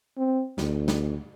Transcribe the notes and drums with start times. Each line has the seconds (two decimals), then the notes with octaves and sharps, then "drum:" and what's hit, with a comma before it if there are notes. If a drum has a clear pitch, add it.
0.18 C4
0.58 D2, drum: snare
0.88 drum: snare